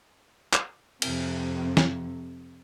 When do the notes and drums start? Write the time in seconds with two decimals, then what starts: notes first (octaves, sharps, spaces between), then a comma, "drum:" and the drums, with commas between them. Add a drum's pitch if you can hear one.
0.53 drum: clap
1.02 F2 C3, drum: cymbal
1.77 drum: snare